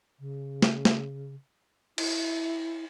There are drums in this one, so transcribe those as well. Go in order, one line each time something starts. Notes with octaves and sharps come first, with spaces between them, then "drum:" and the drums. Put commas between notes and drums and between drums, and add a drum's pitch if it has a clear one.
C#3
drum: snare
drum: snare
E4, drum: cymbal